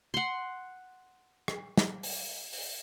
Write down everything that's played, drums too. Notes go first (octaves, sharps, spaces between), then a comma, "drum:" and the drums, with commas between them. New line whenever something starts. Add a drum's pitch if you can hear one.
F#5 C6
drum: rim click
drum: snare
drum: open hi-hat
drum: open hi-hat